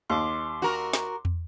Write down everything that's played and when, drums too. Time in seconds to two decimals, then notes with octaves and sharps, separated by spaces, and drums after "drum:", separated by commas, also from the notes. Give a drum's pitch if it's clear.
0.10 D#2 C6 D6
0.62 F#4 A#4
0.93 drum: snare
1.25 drum: tom